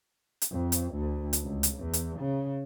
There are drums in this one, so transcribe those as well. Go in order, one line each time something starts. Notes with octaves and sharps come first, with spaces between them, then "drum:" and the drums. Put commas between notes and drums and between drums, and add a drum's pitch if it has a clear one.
drum: hi-hat
F2
drum: hi-hat
D2
drum: hi-hat
C#2
drum: hi-hat
E2
drum: hi-hat
C#3